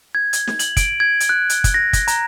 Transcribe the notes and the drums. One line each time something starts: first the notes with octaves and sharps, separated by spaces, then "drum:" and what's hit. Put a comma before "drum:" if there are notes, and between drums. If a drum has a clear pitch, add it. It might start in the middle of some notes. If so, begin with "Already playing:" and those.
G#6
drum: hi-hat
drum: snare
F#7, drum: hi-hat
D7, drum: kick, hi-hat
G#6
drum: hi-hat
F#6
drum: hi-hat
drum: kick, hi-hat
A#6
drum: kick, hi-hat
A#5, drum: hi-hat